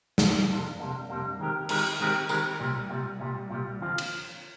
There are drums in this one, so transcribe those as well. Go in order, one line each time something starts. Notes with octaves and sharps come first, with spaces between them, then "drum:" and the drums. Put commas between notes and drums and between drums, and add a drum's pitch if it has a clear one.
F2 C3 G3 A#3 D4, drum: snare
F2 C3 G3 A#3 D4
F2 C3 G3 A#3 D4
F2 C3 G3 A#3 D4
D#3 G#3 C4 G4 A#4
D#3 G#3 C4 G4 A#4, drum: cymbal
D#3 G#3 C4 G4 A#4
D#3 G#3 C4 G4 A#4, drum: tambourine
C2 A#2 G3
C2 A#2 G3
C2 A#2 G3
C2 A#2 G3
D#2 D3 F3 C4 F4
drum: cymbal